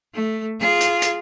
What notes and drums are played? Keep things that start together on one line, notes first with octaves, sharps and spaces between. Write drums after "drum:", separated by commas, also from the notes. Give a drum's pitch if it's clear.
A3
F4 G#4
drum: hi-hat
drum: hi-hat